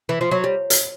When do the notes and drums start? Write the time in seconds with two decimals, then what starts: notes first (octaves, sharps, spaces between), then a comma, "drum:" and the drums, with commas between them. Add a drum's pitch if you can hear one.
0.09 E3
0.21 F3
0.31 F#3
0.44 G3
0.70 drum: hi-hat